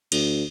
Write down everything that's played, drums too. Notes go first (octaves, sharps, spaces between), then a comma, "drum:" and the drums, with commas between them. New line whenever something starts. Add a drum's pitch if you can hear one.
D2, drum: cymbal